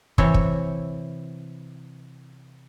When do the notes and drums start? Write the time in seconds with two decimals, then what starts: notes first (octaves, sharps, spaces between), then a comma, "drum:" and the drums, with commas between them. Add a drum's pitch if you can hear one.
0.18 C3 E3 C#5 E5, drum: kick
0.34 drum: kick